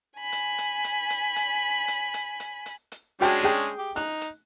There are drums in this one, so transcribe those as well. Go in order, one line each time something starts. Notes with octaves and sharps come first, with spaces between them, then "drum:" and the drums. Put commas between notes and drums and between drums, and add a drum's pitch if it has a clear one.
G#5 B5
drum: hi-hat
drum: hi-hat
drum: hi-hat
drum: hi-hat
drum: hi-hat
drum: hi-hat
drum: hi-hat
drum: hi-hat
drum: hi-hat
drum: hi-hat
G#3 C#4 D4 F#4 G5 A5
G#4 G5, drum: hi-hat
G4
D#4 F#6, drum: hi-hat
drum: hi-hat